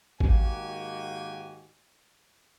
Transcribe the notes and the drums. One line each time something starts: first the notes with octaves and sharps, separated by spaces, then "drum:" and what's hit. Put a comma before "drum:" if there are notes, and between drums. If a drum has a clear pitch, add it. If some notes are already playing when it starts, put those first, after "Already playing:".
G#2 D#3 A#3 F#4 G4 G#5, drum: kick